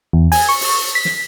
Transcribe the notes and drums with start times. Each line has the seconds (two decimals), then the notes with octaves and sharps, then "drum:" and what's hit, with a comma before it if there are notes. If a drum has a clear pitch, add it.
0.13 E2
0.32 G#5, drum: open hi-hat
0.49 C#6
0.61 drum: open hi-hat
0.95 B6
1.05 drum: snare